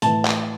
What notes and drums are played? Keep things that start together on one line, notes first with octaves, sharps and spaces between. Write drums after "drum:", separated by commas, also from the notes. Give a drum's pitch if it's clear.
A2 E3 A5, drum: hi-hat
drum: clap